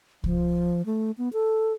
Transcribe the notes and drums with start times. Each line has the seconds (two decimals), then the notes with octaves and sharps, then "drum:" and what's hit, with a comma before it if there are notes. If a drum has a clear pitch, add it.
0.24 F3, drum: kick C2
0.86 A3
1.18 B3
1.33 A4